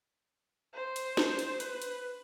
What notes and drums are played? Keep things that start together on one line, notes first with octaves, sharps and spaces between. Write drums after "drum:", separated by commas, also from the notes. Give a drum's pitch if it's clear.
C5
drum: hi-hat
drum: snare
drum: hi-hat
B4, drum: hi-hat
drum: hi-hat